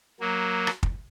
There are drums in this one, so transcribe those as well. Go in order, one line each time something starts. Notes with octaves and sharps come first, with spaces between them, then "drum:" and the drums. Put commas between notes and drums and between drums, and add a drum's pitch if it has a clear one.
F#3 A#3
drum: rim click
drum: kick